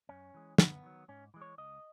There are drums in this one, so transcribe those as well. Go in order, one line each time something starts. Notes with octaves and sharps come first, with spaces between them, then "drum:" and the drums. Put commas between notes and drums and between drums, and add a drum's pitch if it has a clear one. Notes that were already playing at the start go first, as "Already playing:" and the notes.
F#2 C#4
E3 G#3
F#2 B3, drum: snare
D#3 F#3
G#2 C#4
E3 G#3
C#5
C#2 D#5